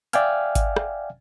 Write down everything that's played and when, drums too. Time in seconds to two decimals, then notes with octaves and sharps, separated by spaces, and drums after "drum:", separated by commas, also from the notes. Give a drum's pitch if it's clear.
0.13 D5 E5 F5 G5 G#5 F6, drum: hi-hat
0.55 drum: kick G#1, hi-hat
0.76 drum: rim click